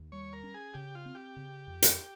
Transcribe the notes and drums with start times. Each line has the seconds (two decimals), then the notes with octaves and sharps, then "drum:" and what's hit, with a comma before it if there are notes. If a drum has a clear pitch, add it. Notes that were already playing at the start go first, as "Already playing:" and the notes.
Already playing: D#2
0.12 G3 C#5
0.33 A#4
0.43 C#4
0.54 G#4
0.74 C#3 G4
0.95 F4
1.06 C4
1.15 G4
1.36 C#3
1.67 F2
1.82 drum: hi-hat